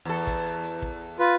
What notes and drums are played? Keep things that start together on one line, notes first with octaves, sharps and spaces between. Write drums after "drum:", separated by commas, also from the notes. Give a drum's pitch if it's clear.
E2 A4
drum: kick, hi-hat
drum: hi-hat
drum: hi-hat
drum: kick
F4 B4